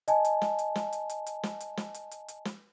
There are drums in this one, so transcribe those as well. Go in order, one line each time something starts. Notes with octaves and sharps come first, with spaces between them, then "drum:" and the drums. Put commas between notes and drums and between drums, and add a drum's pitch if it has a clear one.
D#5 G#5 A5, drum: hi-hat
drum: hi-hat
drum: snare
drum: hi-hat
drum: snare
drum: hi-hat
drum: hi-hat
drum: hi-hat
drum: snare
drum: hi-hat
drum: snare
drum: hi-hat
drum: hi-hat
drum: hi-hat
drum: snare